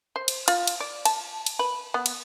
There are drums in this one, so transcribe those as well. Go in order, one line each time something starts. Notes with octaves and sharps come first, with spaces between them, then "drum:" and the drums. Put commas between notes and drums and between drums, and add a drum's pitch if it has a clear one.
C5
drum: cymbal
F4, drum: cymbal
drum: cymbal
D5
A5, drum: cymbal
drum: cymbal
B4
B3
drum: cymbal